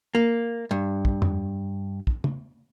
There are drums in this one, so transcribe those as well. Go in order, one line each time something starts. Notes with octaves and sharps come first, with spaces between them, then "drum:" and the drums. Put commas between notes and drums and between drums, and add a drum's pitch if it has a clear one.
A#3
G2
drum: kick
drum: tom F2
drum: kick
drum: tom